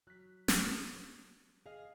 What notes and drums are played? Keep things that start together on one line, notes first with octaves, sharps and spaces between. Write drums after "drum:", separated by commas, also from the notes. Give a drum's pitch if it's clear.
F#3 F#6 B6
D#6, drum: snare
G#4 D#5 F5